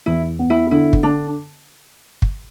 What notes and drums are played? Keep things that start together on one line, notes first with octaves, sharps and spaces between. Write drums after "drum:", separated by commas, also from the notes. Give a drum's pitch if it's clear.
E2 E4
B3
E4
D3 E4
drum: kick
D3 D4
drum: kick